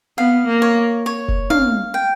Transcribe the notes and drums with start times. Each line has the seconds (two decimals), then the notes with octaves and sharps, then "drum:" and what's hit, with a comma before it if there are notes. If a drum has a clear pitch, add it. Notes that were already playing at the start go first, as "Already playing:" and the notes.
0.18 B3 F5
0.47 A#3
0.62 C#5
1.06 C#5
1.28 drum: kick F1
1.50 F5, drum: tom
1.94 G5